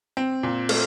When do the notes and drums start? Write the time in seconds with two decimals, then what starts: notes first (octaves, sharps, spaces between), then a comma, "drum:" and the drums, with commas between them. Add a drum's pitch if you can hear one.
0.17 C4
0.43 A#2
0.69 A3, drum: cymbal